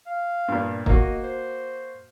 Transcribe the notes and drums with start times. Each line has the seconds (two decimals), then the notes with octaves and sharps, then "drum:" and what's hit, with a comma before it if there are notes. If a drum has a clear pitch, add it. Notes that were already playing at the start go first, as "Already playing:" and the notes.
0.06 F5
0.48 G2 A#2
0.86 A#3 F#4 D#5, drum: kick
1.23 C5